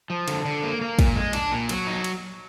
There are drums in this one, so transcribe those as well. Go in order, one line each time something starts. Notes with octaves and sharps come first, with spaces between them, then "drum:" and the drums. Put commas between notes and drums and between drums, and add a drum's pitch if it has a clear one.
F3
D3, drum: cymbal
D3
A#3
A#3
A#2, drum: kick, cymbal
G#3
D4, drum: cymbal
A#2
F#3, drum: cymbal
D#4
drum: cymbal